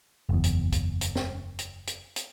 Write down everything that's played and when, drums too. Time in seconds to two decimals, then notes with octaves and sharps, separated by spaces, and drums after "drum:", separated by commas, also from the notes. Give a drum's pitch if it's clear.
0.29 F#1 E2
0.44 drum: hi-hat
0.72 drum: kick C2, hi-hat
1.01 drum: hi-hat
1.15 drum: snare
1.59 drum: hi-hat
1.87 drum: hi-hat
2.16 drum: hi-hat